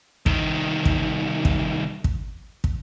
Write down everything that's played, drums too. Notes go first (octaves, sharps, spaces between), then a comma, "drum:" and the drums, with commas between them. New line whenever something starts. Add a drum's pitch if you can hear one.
C2 D#3, drum: kick
drum: kick
drum: kick
drum: kick
drum: kick